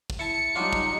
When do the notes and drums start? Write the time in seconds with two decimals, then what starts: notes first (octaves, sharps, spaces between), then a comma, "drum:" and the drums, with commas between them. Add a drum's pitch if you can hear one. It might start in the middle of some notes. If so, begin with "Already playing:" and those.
0.10 drum: kick
0.19 E4 A5 C#7
0.55 F#3 G3 D4 D#4 F4
0.73 drum: kick